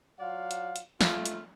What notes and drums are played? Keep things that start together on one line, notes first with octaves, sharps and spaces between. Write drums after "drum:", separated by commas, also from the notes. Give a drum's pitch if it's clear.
F#3 F4 D5 F5 F#5
drum: hi-hat
drum: hi-hat
A3 F4, drum: snare
drum: hi-hat